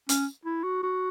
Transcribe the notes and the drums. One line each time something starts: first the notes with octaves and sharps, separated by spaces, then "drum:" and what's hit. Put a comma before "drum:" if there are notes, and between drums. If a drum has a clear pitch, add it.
C#4, drum: hi-hat
E4
F#4
F#4